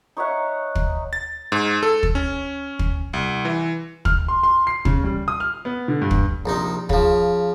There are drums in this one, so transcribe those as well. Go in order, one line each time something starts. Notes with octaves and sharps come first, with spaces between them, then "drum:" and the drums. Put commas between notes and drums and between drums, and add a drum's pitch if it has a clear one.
D#4 C#5 E5 F#5
drum: kick
A6
G#2
A4
drum: kick
C#4
drum: kick
C2
E3
F6, drum: kick
C6
C6
C7
C#3, drum: kick
G3
D#6
F6
B3
D3
G2
drum: kick
A#1 C3 D#4
C#3 F3, drum: kick